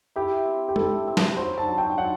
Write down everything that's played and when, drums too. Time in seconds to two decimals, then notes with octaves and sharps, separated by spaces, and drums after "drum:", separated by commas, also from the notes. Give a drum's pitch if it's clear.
0.16 E4 G4
0.45 C4
0.69 G4
0.76 E4 A4, drum: tom
1.08 C4
1.17 drum: snare
1.37 F#3 C5
1.58 A5
1.68 F#3
1.78 G5
1.98 F#3 F#5